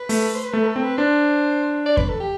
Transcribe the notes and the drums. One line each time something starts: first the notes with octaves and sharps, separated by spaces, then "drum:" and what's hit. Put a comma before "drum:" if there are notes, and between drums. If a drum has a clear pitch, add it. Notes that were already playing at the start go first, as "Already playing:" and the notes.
Already playing: B4
A3, drum: open hi-hat
C5
B4
A3 A4
B4
A4
C4
B4
D4 C5
D5
B4, drum: kick E2
A4
G4